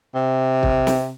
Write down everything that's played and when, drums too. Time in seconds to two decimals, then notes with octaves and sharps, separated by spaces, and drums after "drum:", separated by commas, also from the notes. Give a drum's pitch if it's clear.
0.15 C3
0.63 drum: kick
0.87 drum: snare